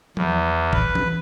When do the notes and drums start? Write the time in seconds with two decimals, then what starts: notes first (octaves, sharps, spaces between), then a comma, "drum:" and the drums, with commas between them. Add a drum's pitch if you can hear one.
0.17 E2, drum: tom F3
0.73 B4, drum: kick
0.95 drum: tom E3